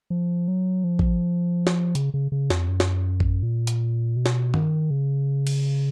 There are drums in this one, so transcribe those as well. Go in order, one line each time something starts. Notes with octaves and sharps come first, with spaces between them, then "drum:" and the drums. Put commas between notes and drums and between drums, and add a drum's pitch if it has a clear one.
F3
F#3
F3
drum: kick
drum: snare
C#3, drum: hi-hat
C#3
C#3
F2, drum: snare
F#2
drum: snare
drum: kick
A#2
drum: hi-hat
B2
drum: snare
D#3, drum: tom G2
C#3
drum: cymbal